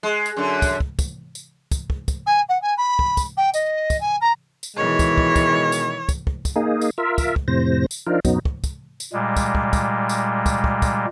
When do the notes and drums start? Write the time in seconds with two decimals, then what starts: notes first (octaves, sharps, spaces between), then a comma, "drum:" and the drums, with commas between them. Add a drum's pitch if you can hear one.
0.03 G#3
0.26 drum: tambourine
0.37 F#2 D3
0.62 drum: kick, tambourine
0.80 drum: kick
0.99 drum: kick, tambourine
1.35 drum: tambourine
1.72 drum: kick, tambourine
1.90 drum: kick
2.08 drum: kick, tambourine
2.26 G#5
2.49 F#5
2.61 G#5
2.77 B5
2.99 drum: kick
3.17 drum: kick, tambourine
3.37 G5
3.54 D#5, drum: tambourine
3.90 drum: kick, tambourine
4.00 G#5
4.21 A#5
4.63 drum: tambourine
4.77 B2 D#3 E3 G#3 C#5
4.99 drum: kick, tambourine
5.18 drum: kick
5.36 drum: kick, tambourine
5.72 drum: tambourine
6.09 drum: kick, tambourine
6.27 drum: kick
6.45 drum: kick, tambourine
6.56 A#3 D#4 G#4
6.81 drum: tambourine
6.98 F4 A#4 E5
7.18 drum: kick, tambourine
7.36 drum: kick
7.48 F2 A2 C3 C5 A#6
7.91 drum: tambourine
8.07 F3 D4 D#4 F4 A#4
8.25 F#2 B2 F#3 B3 D#4, drum: kick, tambourine
8.45 drum: kick
8.64 drum: kick, tambourine
9.00 drum: tambourine
9.13 A#2 G3 G#3
9.36 drum: kick, tambourine
9.55 drum: kick
9.73 drum: kick, tambourine
10.09 drum: tambourine
10.46 drum: kick, tambourine
10.64 drum: kick
10.82 drum: kick, tambourine